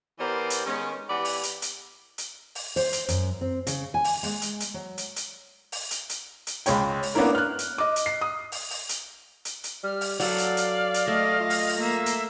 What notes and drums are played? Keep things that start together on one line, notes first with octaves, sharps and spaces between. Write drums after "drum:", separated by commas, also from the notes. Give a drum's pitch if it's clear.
E3 B3 G4 A#4 C5 D5
drum: hi-hat
D#3 G#3 B3 C#4
E3 B3 G4 D5 F#5 B5
drum: open hi-hat
drum: hi-hat
drum: hi-hat
drum: hi-hat
drum: open hi-hat
C5, drum: open hi-hat
drum: hi-hat
F#2, drum: hi-hat
C4
C#3, drum: hi-hat
G#5
drum: open hi-hat
G#3, drum: open hi-hat
drum: hi-hat
drum: hi-hat
F#3
drum: hi-hat
drum: hi-hat
drum: open hi-hat
drum: hi-hat
drum: hi-hat
drum: hi-hat
C#2 G#3 C#5 G5, drum: hi-hat
drum: open hi-hat
A#3 B3 C#4 D4 E4 A#4
F6 F#6
drum: hi-hat
D#5 D6
drum: hi-hat
C7
D#6
drum: open hi-hat
drum: open hi-hat
drum: hi-hat
drum: hi-hat
drum: hi-hat
G3 F6
drum: open hi-hat
F#3 A4 D5 F5, drum: open hi-hat
drum: hi-hat
drum: hi-hat
drum: hi-hat
A3 D#5
F4
drum: open hi-hat
drum: open hi-hat
A#3 E5
drum: hi-hat